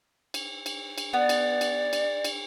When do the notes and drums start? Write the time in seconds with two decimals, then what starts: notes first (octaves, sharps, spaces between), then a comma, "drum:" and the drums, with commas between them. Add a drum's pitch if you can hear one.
0.34 drum: cymbal
0.66 drum: cymbal
0.98 drum: cymbal
1.13 B3 D5
1.29 drum: cymbal
1.61 drum: cymbal
1.93 drum: cymbal
2.24 drum: cymbal